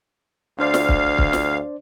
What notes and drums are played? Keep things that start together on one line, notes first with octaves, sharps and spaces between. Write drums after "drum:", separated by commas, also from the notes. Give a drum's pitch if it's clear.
D2 D4 C5 D5 F5
drum: snare
drum: kick
drum: kick
drum: snare